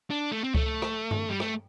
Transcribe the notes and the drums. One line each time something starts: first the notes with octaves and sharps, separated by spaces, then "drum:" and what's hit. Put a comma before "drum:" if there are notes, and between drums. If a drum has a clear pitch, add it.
D4
A3
C4
A3, drum: kick C#2
drum: rim click
drum: tom G2
G3
A3, drum: rim click